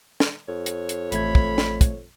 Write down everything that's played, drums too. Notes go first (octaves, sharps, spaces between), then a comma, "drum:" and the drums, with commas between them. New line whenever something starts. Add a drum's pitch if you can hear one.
drum: snare
F2 C#5
drum: hi-hat
drum: hi-hat
A1 A3 B5 G#6, drum: hi-hat
drum: kick
drum: snare
drum: kick, hi-hat